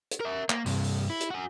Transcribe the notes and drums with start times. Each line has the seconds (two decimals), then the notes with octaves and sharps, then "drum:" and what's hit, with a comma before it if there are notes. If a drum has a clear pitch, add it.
0.11 drum: hi-hat
0.21 A#4 E5
0.50 A#3, drum: clap
0.66 G2 C3, drum: open hi-hat
0.84 drum: open hi-hat
1.10 E4
1.20 drum: hi-hat
1.30 F#4 G#5